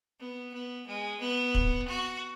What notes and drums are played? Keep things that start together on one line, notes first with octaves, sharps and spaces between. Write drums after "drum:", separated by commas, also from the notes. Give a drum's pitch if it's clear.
B3
B3
G#3
B3
drum: kick
F#4